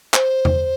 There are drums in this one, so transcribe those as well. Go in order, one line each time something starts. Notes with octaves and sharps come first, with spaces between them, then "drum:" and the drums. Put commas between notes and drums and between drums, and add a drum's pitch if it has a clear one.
C5, drum: clap
drum: tom E2